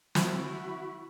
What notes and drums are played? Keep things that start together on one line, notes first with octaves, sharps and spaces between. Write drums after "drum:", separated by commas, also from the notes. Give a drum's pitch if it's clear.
E4 F#4 B5 C#6, drum: snare